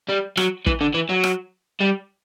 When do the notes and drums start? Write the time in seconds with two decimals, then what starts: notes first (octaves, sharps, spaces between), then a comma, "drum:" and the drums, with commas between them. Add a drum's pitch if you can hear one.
0.09 G3
0.37 F#3, drum: rim click
0.66 E3, drum: kick
0.81 D3
0.94 E3
1.09 F#3
1.24 drum: rim click
1.80 G3